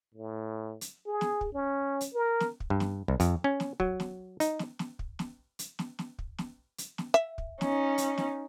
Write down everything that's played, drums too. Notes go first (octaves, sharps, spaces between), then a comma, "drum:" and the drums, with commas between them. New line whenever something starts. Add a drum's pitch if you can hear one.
A2
drum: hi-hat
G#4
drum: snare
drum: kick
C#4
drum: hi-hat
A#4
drum: snare
drum: kick
G2
drum: snare
C2
F2, drum: hi-hat
C#4
drum: snare
F#3, drum: kick
drum: snare
D#4, drum: hi-hat
drum: snare
drum: snare
drum: kick
drum: snare
drum: hi-hat
drum: snare
drum: snare
drum: kick
drum: snare
drum: hi-hat
drum: snare
E5
drum: kick
C#4 D#4, drum: snare
drum: hi-hat
drum: snare